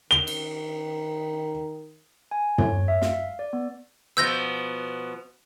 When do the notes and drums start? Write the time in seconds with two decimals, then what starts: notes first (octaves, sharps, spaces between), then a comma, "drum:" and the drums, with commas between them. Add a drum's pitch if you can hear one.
0.11 D#3 G7
0.27 drum: cymbal
2.31 G#5
2.58 C#5, drum: tom
2.88 E5
3.02 F5, drum: snare
3.39 D5
3.53 B3
4.17 B2 F3 B3 E6 G6 A#6